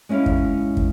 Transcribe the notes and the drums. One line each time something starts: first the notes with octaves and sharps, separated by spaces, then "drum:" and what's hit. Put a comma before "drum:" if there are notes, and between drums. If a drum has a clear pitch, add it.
G#3 C#4 E4 G#4 F5
drum: kick
drum: kick